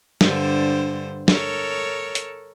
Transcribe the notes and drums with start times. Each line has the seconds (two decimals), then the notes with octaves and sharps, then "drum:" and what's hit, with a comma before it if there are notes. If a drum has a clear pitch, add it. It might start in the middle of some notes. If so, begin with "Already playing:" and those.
0.21 G2 D3 C5, drum: snare
1.28 A4 A#4 C#5, drum: snare
2.15 drum: hi-hat